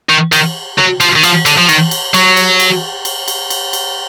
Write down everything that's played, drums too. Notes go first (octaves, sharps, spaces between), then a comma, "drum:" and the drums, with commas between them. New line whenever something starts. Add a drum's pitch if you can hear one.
D#3
D#3, drum: cymbal
F#3, drum: tom
F3, drum: cymbal
D#3
F3, drum: cymbal
D3, drum: cymbal
F3
D#3, drum: cymbal
drum: cymbal
F#3, drum: cymbal
drum: cymbal
drum: cymbal
drum: cymbal
drum: cymbal
drum: cymbal
drum: cymbal